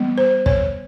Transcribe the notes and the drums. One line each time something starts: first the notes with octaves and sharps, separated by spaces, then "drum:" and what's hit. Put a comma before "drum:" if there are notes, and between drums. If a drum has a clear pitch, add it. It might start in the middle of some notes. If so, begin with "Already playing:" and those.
Already playing: E3 G3 B3
C5
C#5, drum: kick